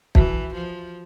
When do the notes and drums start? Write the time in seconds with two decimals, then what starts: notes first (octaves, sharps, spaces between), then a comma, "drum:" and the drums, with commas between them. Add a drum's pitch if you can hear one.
0.15 E3 F#4 B4 E5 A5, drum: kick
0.54 F3